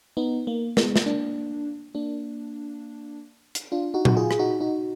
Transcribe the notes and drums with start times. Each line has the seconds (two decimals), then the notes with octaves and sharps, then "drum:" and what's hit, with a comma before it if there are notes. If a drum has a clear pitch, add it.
0.17 B3 D#4
0.47 A#3
0.77 G#3 B3, drum: snare
0.96 drum: snare
1.06 A#3 D4
1.95 A#3 D4
3.55 drum: hi-hat
3.72 D4 F4
3.94 D#4 F#4
4.05 F#4, drum: tom A#2
4.16 F4 G#4
4.31 G#4, drum: rim click
4.39 D#4 F#4
4.60 D#4 F#4